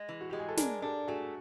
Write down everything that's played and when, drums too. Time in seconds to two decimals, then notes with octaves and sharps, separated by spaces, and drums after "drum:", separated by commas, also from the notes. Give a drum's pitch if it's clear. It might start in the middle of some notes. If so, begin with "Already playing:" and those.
Already playing: G#3
0.09 E3
0.21 F#4
0.30 G#3 G4
0.39 G#4
0.48 A4
0.57 D4 G#4 A#4, drum: snare
0.82 D4 G4 A4
1.08 A3 F#4 G#4